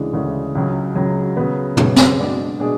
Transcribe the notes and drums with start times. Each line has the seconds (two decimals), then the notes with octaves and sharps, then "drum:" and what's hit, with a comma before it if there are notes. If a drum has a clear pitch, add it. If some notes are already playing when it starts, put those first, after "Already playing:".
Already playing: D2 C#3 E3 G#3 D4
0.13 D2 C#3 E3 G#3 D4
0.55 C#2 C#3 F#3
0.95 C#2 C#3 F#3
1.37 C#3 F#3 B3
1.77 C#3 F#3 B3, drum: tom
1.96 drum: snare
2.19 B2 G#3 D4 G#4 D5
2.60 B2 G#3 D4 G#4 D5